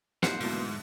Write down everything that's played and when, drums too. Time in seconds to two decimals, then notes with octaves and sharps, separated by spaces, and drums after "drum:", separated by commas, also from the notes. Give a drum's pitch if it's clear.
0.23 C2 A#3 D#4 C5 F#5, drum: snare
0.41 G#2 B2 D3 E3 A3, drum: open hi-hat